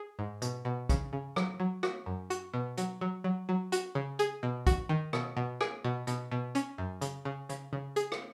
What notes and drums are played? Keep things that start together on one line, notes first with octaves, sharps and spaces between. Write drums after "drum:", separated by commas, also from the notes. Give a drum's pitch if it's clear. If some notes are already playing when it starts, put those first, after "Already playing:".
Already playing: G#4
G#2
B2, drum: hi-hat
B2
C#3, drum: kick, hi-hat
C#3
F#3, drum: rim click
F#3
F#4, drum: rim click
F#2
F#4, drum: hi-hat
B2
F#3, drum: hi-hat
F#3
F#3
F#3
F#4, drum: hi-hat
C#3
G#4, drum: hi-hat
B2
F#4, drum: kick, hi-hat
D#3
B2, drum: rim click
B2
G#4, drum: rim click
B2
B2, drum: hi-hat
B2
C#4, drum: hi-hat
F#2
C#3, drum: hi-hat
C#3
C#3, drum: hi-hat
C#3
G#4, drum: hi-hat
drum: rim click